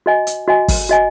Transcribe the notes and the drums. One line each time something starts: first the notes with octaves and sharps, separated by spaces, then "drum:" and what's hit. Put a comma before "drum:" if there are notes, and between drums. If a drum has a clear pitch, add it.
F#4 D#5 G#5
drum: hi-hat
F#4 D#5 G#5
drum: kick, open hi-hat
F#4 D#5 G#5